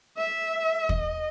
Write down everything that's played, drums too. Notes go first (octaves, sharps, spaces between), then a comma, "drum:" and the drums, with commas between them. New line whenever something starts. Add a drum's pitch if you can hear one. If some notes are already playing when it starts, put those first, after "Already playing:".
E5
D#5, drum: kick